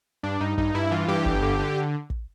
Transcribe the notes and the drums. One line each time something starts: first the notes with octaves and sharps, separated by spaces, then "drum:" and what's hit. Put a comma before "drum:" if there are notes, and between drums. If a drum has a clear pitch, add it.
G2 D4
G2 D#4
G2 D#4, drum: kick
G2 E4
E3 F4
G2 G4
G1, drum: kick
D3
D3
drum: kick